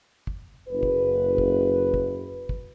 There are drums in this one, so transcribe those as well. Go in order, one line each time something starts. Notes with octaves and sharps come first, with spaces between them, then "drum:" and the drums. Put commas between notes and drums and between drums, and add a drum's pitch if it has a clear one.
drum: kick
F#1 B4
drum: kick
drum: kick
drum: kick
drum: kick